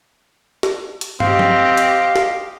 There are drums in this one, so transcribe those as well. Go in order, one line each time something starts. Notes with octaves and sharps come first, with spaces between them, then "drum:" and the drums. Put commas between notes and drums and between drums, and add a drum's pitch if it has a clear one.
drum: snare
drum: hi-hat
C4 G4 D#5 F5, drum: tom
drum: tom F3
drum: hi-hat
drum: snare